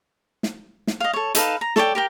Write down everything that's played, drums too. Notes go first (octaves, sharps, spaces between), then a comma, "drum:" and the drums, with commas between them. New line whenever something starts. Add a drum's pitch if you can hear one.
drum: snare
drum: snare
D#5 F5
A4 C#5
D#4 A4 B4 F5, drum: hi-hat
A#5
A4 C#5 D5 G5, drum: snare
G4 A#4 G5